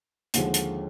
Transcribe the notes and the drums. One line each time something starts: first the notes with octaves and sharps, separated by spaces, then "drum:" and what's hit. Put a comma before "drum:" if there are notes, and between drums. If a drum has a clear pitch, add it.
D#2 D3 F3 G#3, drum: hi-hat
drum: hi-hat